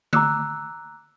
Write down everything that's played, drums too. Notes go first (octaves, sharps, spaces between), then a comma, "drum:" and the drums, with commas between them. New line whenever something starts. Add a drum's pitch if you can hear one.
A#5 D6 E6 F#6, drum: tom D3